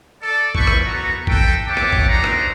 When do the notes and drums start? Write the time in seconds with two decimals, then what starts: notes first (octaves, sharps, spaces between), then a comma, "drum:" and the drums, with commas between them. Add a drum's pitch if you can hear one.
0.22 A4 D5
0.55 E4 B4 C5 B5 C#6, drum: kick A1
0.67 drum: rim click
0.85 B3 F#4 A4 A#5
1.27 A4 B4 E5 G5, drum: kick A1
1.67 C#5 E5 F#5 G5 A5 D6
1.77 drum: rim click
1.93 drum: kick A1
2.08 D4 D#4 F#4 C5 A#5
2.24 drum: rim click